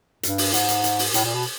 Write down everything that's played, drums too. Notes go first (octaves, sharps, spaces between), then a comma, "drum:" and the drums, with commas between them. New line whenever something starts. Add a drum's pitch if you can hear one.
G2, drum: hi-hat
drum: open hi-hat
G#2, drum: hi-hat
drum: hi-hat
drum: hi-hat
drum: open hi-hat
A2, drum: hi-hat
A#2
B2